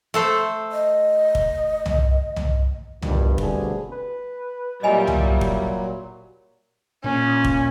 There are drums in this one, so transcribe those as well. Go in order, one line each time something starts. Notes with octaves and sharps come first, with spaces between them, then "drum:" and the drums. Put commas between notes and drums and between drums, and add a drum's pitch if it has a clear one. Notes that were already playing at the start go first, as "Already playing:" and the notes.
A3 A4 C5
D#5
drum: kick
drum: tom C2
drum: tom C2
G2 B2 D#3 F3 A3 B3, drum: tom C2
B2 D3 G3 A3 C4 G#4, drum: kick
B4
A#2 F#3 G3 E4 D#5 G#5 B5
drum: tom C2
drum: kick
A#2 C#4
drum: kick